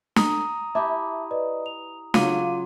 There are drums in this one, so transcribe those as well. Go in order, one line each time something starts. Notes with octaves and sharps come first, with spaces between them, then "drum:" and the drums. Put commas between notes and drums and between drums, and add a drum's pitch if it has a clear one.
A#5 D#6, drum: snare
E4 G4 E5 A5 D6
B4 D5 D#5
F7
C#3 F#3 F4 F5 D6 D#7, drum: snare